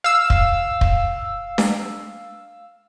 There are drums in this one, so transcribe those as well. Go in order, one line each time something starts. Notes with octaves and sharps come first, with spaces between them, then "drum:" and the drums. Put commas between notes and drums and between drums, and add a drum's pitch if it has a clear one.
F5 E6
drum: kick
drum: kick
drum: snare D4